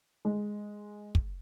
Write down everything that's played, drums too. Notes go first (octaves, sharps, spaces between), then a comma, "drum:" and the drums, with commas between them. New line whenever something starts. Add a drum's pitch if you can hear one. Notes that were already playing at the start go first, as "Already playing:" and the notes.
G#3
drum: kick